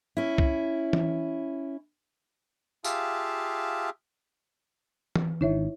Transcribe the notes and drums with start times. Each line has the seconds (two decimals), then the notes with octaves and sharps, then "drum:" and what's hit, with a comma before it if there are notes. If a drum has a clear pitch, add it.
0.17 C#4 E4
0.38 drum: kick
0.93 drum: tom E3
2.84 F4 G4 G#4 E5 F5 A5, drum: tambourine
5.16 drum: tom E3
5.41 G#1 D#3 D4 E4 C#5 E5